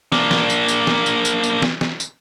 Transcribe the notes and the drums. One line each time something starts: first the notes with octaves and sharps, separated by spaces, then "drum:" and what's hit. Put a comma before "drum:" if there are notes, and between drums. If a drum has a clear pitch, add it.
A#3 D4, drum: snare
drum: snare
drum: tambourine
drum: tambourine
drum: snare
drum: tambourine
drum: tambourine
drum: tambourine
drum: snare
drum: snare
drum: tambourine